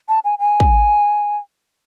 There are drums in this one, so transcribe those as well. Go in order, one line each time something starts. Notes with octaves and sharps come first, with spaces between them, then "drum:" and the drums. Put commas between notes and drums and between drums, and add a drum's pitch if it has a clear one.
A5
G#5
G#5
drum: kick